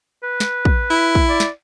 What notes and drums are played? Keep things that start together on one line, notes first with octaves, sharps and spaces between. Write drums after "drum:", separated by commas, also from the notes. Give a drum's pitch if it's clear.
B4
drum: snare
drum: kick
E4
drum: kick
D5
drum: snare